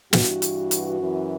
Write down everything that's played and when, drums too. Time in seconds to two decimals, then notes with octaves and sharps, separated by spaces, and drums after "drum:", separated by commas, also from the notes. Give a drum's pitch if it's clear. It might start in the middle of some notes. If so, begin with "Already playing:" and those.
0.13 G2 E3 F#4, drum: snare
0.42 drum: hi-hat
0.71 drum: hi-hat
1.00 F#2 E3